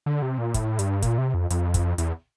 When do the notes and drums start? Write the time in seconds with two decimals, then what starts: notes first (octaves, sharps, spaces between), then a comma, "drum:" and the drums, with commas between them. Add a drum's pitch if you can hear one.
0.06 D3
0.22 C3
0.38 A#2
0.54 A2, drum: kick, hi-hat
0.79 G2, drum: hi-hat
1.02 A#2, drum: kick, hi-hat
1.18 C3
1.34 F2
1.50 F2, drum: hi-hat
1.74 drum: kick, hi-hat
1.98 E2, drum: hi-hat